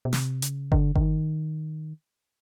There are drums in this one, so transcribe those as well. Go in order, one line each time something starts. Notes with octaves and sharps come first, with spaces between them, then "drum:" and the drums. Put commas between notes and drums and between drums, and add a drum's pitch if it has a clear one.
B2
C3, drum: snare
C#3, drum: hi-hat
D3, drum: kick G1
D3, drum: kick G1
D#3